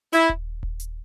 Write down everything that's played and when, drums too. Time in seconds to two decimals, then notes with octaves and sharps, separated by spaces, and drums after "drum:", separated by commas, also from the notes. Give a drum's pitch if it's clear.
0.13 E4, drum: hi-hat
0.29 drum: kick D#1
0.63 drum: kick D#1
0.80 drum: hi-hat